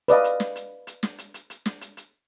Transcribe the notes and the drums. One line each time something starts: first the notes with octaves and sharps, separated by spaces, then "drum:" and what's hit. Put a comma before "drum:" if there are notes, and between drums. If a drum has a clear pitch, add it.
B4 D5 D#5 F5, drum: hi-hat
drum: hi-hat
drum: snare
drum: hi-hat
drum: hi-hat
drum: snare
drum: hi-hat
drum: hi-hat
drum: hi-hat
drum: snare
drum: hi-hat
drum: hi-hat